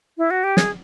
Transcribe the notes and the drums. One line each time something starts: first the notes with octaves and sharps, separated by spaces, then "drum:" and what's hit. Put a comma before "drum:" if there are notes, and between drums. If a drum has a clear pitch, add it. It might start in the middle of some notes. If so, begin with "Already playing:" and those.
E4
F#4
G4
G#4, drum: snare